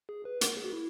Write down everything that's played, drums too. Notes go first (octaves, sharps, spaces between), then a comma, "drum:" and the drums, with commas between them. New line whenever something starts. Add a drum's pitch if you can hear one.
G#4
B4
A#4, drum: hi-hat
G#4
F#4
E4